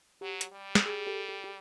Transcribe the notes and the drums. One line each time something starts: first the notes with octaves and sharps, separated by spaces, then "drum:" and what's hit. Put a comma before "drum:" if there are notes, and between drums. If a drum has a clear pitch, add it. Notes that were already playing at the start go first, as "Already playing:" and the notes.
F#3 G4
drum: hi-hat
G3
drum: snare
G#4
G4 A4
G4
G4